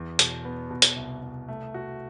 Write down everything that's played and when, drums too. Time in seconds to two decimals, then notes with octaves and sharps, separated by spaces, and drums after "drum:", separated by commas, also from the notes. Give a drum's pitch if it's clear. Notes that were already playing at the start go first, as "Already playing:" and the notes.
Already playing: E2
0.19 B2, drum: hi-hat
0.45 B3
0.70 B2
0.82 drum: hi-hat
0.96 C2
1.23 C2
1.48 A3
1.74 F#4